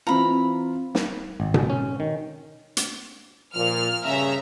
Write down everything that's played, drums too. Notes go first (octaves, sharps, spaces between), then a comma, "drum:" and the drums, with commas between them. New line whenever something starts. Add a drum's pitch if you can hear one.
E3 C4 F4 A#5 B5
drum: snare
G#1
drum: tom B2
C#4
D#3
drum: hi-hat
A#2 F3 F6
G2 C#3 C#4 E5 A#5